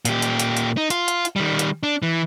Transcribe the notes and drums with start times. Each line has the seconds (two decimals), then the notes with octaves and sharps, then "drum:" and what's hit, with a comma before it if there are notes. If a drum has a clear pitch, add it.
0.05 A#2 G4, drum: hi-hat
0.22 drum: hi-hat
0.40 drum: hi-hat
0.57 drum: hi-hat
0.77 D#4
0.90 F4, drum: hi-hat
1.08 drum: hi-hat
1.25 drum: hi-hat
1.36 D#3 G3
1.59 drum: hi-hat
1.83 D4
2.02 E3